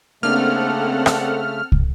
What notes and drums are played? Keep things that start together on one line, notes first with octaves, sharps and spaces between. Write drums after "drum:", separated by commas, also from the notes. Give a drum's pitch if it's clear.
C#3 A3 A#3 C4 D4 A4 F#5 F6
drum: rim click
drum: kick